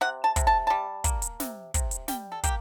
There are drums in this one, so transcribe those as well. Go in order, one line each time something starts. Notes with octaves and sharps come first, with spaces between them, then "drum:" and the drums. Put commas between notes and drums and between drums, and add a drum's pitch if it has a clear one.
C3 F#5
A5
C3, drum: kick, hi-hat
A5
G3 A5
A#3, drum: kick, hi-hat
drum: hi-hat
C3, drum: snare
C3, drum: kick, hi-hat
drum: hi-hat
G3 G5, drum: snare
A4
A#3 G4, drum: kick, hi-hat